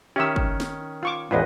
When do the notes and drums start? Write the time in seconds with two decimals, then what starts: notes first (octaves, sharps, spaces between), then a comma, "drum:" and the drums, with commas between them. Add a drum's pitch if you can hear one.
0.16 D#3 C#4 G4 E5 E6
0.36 drum: kick
0.60 drum: snare C4
1.03 F4 C#6 D6
1.31 A1 E2 G#2 F4 B4 D#5